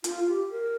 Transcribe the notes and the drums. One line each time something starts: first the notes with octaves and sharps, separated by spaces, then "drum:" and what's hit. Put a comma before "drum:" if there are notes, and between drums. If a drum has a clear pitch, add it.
F4, drum: hi-hat
G4
A#4